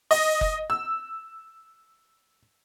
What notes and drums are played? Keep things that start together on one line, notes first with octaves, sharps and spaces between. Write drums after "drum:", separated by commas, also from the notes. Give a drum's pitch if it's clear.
D#5, drum: open hi-hat
drum: kick F#1
E6